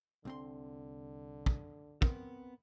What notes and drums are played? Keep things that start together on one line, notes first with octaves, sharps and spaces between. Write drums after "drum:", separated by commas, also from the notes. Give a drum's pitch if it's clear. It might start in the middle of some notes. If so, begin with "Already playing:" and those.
C2 D3 C4 C6
drum: kick
B3 C4 A#4, drum: kick